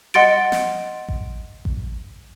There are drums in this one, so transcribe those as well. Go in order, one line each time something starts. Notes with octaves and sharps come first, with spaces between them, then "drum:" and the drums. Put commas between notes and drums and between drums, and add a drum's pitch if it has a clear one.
D#5 F#5 C6 A6 D7
drum: snare
drum: kick A1
drum: kick A1